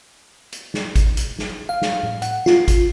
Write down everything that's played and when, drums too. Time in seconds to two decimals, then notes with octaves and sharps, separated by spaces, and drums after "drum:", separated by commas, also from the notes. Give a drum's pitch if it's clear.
0.52 drum: hi-hat
0.74 drum: snare
0.96 drum: kick G#1, hi-hat
1.17 drum: hi-hat
1.39 drum: snare
1.69 F5
1.82 drum: snare
2.03 drum: tom
2.22 F#5, drum: hi-hat
2.46 F4, drum: snare
2.68 drum: kick G#1, hi-hat